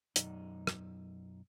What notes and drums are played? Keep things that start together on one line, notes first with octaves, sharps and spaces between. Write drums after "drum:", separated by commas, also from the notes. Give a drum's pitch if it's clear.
B1 F#2 D#4, drum: hi-hat
drum: rim click